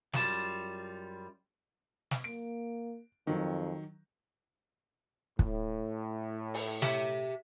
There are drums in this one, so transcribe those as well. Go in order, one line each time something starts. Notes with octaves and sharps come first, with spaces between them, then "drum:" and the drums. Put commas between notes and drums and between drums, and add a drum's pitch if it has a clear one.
F#2 G3 F4 A5, drum: snare
drum: snare
A#3 D7
F2 D#3 F#3
A2, drum: kick
drum: open hi-hat
G4 E5, drum: snare